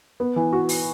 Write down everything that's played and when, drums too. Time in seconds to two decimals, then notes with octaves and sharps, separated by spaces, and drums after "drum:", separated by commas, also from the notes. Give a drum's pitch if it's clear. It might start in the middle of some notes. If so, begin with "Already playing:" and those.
0.20 B3
0.36 E3
0.53 F#4
0.69 drum: open hi-hat